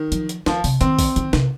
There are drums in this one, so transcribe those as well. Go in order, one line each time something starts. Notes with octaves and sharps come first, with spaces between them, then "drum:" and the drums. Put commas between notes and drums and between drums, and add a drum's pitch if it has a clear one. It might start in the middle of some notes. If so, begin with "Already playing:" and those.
Already playing: D#3
F3, drum: hi-hat
drum: hi-hat
D#3 F3, drum: snare
C3, drum: open hi-hat
D#3 C4, drum: hi-hat
drum: kick, open hi-hat
D#3, drum: hi-hat
C3, drum: snare